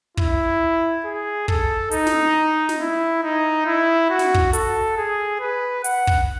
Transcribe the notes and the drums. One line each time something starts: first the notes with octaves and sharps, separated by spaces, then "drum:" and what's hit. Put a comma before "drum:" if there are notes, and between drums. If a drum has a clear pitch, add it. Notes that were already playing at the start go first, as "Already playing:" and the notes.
E4, drum: kick
G#4
A4, drum: kick
D#4, drum: hi-hat
drum: snare
drum: snare
E4
D#4
E4
F#4
drum: snare
drum: kick
A4, drum: hi-hat
G#4
B4
F#5, drum: hi-hat
drum: kick